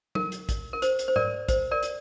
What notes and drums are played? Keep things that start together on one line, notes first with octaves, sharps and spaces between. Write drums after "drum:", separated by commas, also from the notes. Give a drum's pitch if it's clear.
A#4, drum: tom F#3
drum: hi-hat
drum: kick, hi-hat
A#4
C5, drum: hi-hat
drum: hi-hat
C5
A#4 D5, drum: tom G#2
C5, drum: kick, hi-hat
A#4 D5
drum: hi-hat